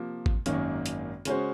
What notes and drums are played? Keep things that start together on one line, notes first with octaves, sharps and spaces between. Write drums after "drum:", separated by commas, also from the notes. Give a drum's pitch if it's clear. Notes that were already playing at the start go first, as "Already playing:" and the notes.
Already playing: C3 F3 A#3
drum: kick
G#1 F#2 D#3 A#3 C#4, drum: hi-hat
drum: hi-hat
C#3 G#3 C#4 F#4 C5, drum: hi-hat